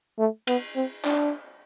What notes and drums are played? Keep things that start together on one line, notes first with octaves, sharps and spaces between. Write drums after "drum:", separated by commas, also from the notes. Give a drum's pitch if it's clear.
A3
B3, drum: cymbal
C4
D4, drum: clap